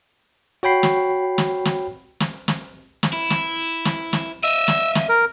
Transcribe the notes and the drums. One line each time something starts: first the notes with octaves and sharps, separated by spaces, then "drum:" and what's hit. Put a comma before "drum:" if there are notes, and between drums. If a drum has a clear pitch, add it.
F#4 C#5 G5 B5 C7
drum: snare
drum: snare
drum: snare
drum: snare
drum: snare
drum: snare
E4
drum: snare
drum: snare
drum: snare
D#5 E5 E6
drum: snare
drum: snare
A#4